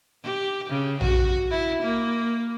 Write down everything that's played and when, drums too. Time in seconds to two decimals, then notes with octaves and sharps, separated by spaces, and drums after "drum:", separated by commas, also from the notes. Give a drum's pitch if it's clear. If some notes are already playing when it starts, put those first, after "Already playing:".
0.23 G4
0.70 C#3
1.01 F#4, drum: tom A#1
1.51 E4
1.82 A#3